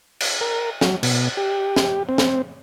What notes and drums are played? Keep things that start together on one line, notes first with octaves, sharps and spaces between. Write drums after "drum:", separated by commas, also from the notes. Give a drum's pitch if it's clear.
drum: cymbal
A#4
F#3, drum: snare
B2, drum: cymbal
G4
drum: snare
C4
drum: snare